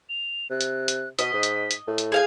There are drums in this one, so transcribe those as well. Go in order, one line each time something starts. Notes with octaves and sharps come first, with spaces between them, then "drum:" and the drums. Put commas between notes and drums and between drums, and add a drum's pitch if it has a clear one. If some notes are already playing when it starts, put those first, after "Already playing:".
F7
C3 F#6
drum: hi-hat
drum: hi-hat
B2 D#5 B6, drum: hi-hat
G#2
drum: hi-hat
drum: hi-hat
A2
drum: hi-hat
G#4 F5 G#5 G6